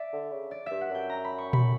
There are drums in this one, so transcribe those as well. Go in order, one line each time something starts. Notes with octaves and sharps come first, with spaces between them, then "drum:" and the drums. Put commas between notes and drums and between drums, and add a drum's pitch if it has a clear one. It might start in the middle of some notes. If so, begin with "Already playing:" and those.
Already playing: D5 E5
D3
C#3
D5
G2 E5
F#5
F#2 G5
A#5
B5
C#6
B5, drum: tom A#2